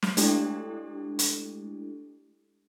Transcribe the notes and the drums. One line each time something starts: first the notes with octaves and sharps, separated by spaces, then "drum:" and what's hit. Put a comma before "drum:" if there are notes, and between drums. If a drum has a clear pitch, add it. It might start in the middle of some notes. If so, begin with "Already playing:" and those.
drum: snare
G#3 A3 D4 E4 G4 A4, drum: hi-hat
drum: hi-hat